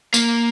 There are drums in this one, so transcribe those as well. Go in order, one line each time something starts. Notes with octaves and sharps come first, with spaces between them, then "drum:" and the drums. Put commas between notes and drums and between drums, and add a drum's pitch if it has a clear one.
A#3, drum: tambourine